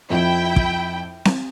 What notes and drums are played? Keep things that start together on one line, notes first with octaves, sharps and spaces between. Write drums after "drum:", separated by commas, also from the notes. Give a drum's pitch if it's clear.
F2 F3 E4 G5
drum: kick
drum: snare C4